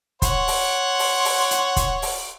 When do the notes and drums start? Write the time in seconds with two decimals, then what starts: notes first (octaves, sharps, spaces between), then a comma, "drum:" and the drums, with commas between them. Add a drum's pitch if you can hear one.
0.22 C#5 F#5 C6, drum: kick, hi-hat
0.48 drum: open hi-hat
0.99 drum: open hi-hat
1.25 drum: open hi-hat
1.51 drum: hi-hat
1.76 drum: kick, hi-hat
2.02 drum: open hi-hat